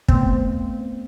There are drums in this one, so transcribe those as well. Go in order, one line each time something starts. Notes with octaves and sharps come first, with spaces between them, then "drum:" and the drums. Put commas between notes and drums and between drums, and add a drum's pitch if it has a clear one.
A3 B3 C4, drum: kick